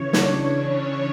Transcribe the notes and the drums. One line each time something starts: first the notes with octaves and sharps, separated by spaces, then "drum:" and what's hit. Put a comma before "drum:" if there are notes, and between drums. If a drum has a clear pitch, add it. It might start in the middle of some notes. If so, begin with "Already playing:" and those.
Already playing: C#3 E3 C#5
D4, drum: snare
C#4